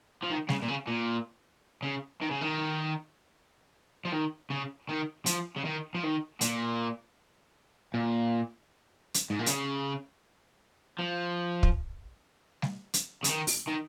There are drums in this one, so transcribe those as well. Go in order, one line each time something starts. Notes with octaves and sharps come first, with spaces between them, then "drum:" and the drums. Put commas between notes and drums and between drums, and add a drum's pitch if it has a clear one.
F3
D#3
C#3, drum: snare G3
A#2
C#3
A#2
C#3
D#3
C#3
D#3
F3
D#3
C#3
D#3
F3, drum: hi-hat
C#3
D#3
F3
D#3
A#2, drum: hi-hat
A#2
drum: hi-hat
G#2
A#2
C#3, drum: hi-hat
F3
drum: kick
drum: snare G3
drum: hi-hat
C#3, drum: hi-hat
D#3
drum: open hi-hat
D#3